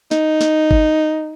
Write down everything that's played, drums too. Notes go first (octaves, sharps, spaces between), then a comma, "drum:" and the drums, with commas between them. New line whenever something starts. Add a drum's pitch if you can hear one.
D#4, drum: snare
drum: snare
drum: kick G#1